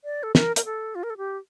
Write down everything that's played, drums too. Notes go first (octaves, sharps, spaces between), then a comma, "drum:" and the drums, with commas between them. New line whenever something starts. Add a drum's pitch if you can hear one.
D5
A4
A#4, drum: snare
A#4, drum: hi-hat
A4
F4
A#4
A4
G4